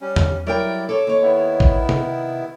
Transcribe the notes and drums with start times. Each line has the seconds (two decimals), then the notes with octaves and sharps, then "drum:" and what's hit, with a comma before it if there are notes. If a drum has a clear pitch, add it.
0.01 G3 C#4
0.16 drum: tom E2
0.47 F#3 G3 E4 A#4 D5 G5
0.89 A4 C#5 D6
1.07 D#2 C#5
1.22 D#3 B3 E4
1.60 drum: kick
1.89 C3, drum: tom C3